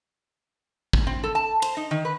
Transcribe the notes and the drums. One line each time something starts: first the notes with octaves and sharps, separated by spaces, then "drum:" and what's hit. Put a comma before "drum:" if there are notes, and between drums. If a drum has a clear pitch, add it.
drum: kick
C4
A4
A5
C5, drum: cymbal
D#4
D#3
B4